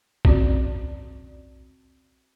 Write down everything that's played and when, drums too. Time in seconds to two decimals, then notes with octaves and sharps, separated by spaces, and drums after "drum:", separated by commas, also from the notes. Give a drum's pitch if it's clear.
0.25 C4 C#4 F#4 D5, drum: kick